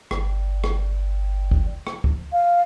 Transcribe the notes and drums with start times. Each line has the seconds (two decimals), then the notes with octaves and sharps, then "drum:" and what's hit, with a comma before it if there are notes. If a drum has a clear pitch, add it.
0.11 G1, drum: rim click
0.64 drum: rim click
1.51 drum: kick
1.87 drum: rim click
2.04 drum: kick
2.33 F5